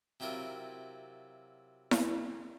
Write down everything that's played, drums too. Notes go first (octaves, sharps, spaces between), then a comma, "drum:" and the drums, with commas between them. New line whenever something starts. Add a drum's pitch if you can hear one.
C3 F#3 E4 F4 A#4
drum: snare E4